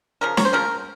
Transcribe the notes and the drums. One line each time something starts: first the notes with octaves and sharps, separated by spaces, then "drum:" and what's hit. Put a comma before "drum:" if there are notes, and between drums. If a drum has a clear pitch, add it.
C#3 F3 A#4
C#5, drum: snare
C5
C#3 F3 A#4